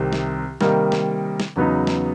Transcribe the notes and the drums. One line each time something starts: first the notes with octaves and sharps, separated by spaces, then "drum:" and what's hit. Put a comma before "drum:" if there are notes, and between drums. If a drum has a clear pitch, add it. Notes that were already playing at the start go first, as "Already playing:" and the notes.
Already playing: C2 C3 D#3
drum: snare
C3 D#3 G3 A#3 D#4, drum: snare
drum: snare
drum: snare
E2 C#3 F#3 B3 D#4
drum: snare